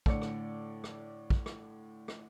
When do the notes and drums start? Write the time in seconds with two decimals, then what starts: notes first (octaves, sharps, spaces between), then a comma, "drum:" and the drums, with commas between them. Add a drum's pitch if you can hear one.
0.06 A2 D3 D5 C#7, drum: kick
0.22 drum: rim click
0.84 drum: rim click
1.30 drum: kick
1.46 drum: rim click
2.08 drum: rim click